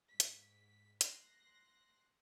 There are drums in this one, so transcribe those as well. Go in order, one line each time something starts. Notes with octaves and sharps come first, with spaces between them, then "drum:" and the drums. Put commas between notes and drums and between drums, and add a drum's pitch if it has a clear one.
G#2 B6
drum: hi-hat
C6 F#6 A#6, drum: hi-hat